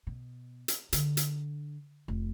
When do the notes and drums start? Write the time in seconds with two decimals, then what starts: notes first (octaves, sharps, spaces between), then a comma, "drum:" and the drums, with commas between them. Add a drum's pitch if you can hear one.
0.07 B2
0.68 drum: hi-hat
0.93 D3, drum: hi-hat
1.17 drum: hi-hat
2.08 F1